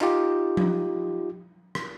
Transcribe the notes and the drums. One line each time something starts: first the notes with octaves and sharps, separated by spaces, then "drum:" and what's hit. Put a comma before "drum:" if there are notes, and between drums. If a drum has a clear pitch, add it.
D#4 F4 G4, drum: clap
drum: tom F3
drum: rim click